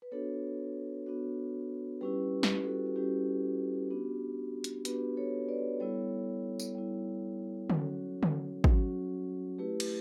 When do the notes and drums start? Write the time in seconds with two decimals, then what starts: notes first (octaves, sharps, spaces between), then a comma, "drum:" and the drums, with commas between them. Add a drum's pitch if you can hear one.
0.02 B4
0.12 B3 D4 F#4 A4 C#5
1.06 B3 D4 F#4
2.01 G3 C#4 E4 G4 B4
2.43 drum: snare
2.64 F#4 A4
2.86 F#4
2.96 G3 C#4 E4 G4
3.90 B3 D4 F#4
4.64 drum: hi-hat
4.85 B3 D4 F#4 G4 B4, drum: hi-hat
5.17 A4 C#5
5.49 B4 D5
5.80 G3 B3 E4 A4 C#5
6.59 drum: tambourine
6.75 G3 B3 E4
7.70 F#3 C#4 F#4, drum: tom D3
8.23 drum: tom D3
8.64 F#3 C#4 F#4, drum: kick
9.58 A3 E4 G4 B4
9.80 drum: cymbal